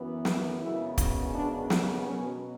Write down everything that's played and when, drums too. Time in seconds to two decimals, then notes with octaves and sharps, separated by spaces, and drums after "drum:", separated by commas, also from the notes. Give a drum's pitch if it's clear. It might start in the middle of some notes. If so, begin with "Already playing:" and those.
Already playing: F#2 E3 B3
0.25 drum: snare
0.61 F#2 C#3 G#3 B3 E4
0.98 drum: kick, hi-hat
1.34 D4
1.70 drum: snare
2.06 B2 F#3 B3 C#4